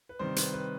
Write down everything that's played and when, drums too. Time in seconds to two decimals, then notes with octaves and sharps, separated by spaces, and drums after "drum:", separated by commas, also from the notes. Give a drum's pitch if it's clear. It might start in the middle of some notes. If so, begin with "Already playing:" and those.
0.09 B4
0.19 C3 D#3 G3 C5
0.36 B4, drum: hi-hat
0.54 B4